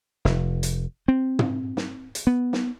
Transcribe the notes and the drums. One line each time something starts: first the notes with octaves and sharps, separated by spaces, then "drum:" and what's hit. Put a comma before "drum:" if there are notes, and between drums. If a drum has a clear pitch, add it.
F1, drum: snare
drum: hi-hat
C4
drum: tom
drum: snare
drum: hi-hat
B3
drum: snare